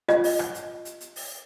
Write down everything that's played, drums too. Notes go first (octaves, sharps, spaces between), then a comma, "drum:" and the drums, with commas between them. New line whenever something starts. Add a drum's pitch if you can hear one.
F4 D#5, drum: rim click
drum: open hi-hat
drum: rim click
drum: hi-hat
drum: hi-hat
drum: hi-hat
drum: open hi-hat